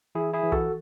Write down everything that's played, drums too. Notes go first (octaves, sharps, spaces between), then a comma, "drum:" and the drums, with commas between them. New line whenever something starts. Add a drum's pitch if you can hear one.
E3 E4 G#4
E4 G#4
E3
F#4 A4, drum: kick